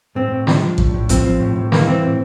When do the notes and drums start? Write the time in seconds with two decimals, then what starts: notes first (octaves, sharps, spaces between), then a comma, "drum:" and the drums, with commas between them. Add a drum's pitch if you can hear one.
0.15 A2 C4
0.32 A2
0.47 F3 D4, drum: snare
0.63 F3
0.78 A2, drum: kick
0.94 A2
1.09 F3 C4, drum: kick, hi-hat
1.26 F3
1.40 A2
1.56 A2
1.72 E3 A#3, drum: snare
1.87 E3 C4
2.02 A2